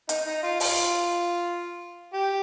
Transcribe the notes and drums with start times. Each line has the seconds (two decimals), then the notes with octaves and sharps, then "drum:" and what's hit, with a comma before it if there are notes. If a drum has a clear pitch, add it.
0.09 D#4, drum: hi-hat
0.26 D#4
0.43 F4
0.60 F4, drum: open hi-hat
2.13 G4